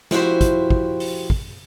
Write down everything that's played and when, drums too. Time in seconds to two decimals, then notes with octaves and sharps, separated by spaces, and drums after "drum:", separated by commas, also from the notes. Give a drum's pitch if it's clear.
0.11 F3 E4 F#4 G4 C5, drum: snare
0.41 drum: kick, hi-hat
0.70 drum: kick
1.00 drum: open hi-hat
1.30 drum: kick